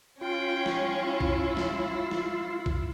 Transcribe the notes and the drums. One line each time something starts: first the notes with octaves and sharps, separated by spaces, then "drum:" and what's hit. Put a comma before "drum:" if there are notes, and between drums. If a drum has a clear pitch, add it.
C#4 F4 G5
drum: snare
E4
drum: kick B1
drum: snare
drum: snare
drum: kick B1